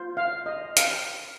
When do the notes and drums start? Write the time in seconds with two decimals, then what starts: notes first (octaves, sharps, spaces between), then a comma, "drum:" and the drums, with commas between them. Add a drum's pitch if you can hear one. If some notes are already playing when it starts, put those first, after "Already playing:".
Already playing: F4 C5
0.17 F5
0.46 D#5
0.77 F5, drum: hi-hat